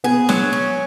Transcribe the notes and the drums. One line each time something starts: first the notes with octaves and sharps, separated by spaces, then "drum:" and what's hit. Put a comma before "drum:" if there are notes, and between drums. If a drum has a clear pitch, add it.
B3 G#4
F#3, drum: snare
C#4